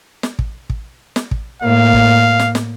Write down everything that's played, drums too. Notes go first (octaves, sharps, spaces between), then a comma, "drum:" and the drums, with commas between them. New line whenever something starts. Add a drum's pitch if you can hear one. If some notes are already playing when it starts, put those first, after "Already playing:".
drum: snare
drum: kick
drum: kick
drum: snare
drum: kick
A2 A#3 F5
drum: kick
drum: snare
drum: snare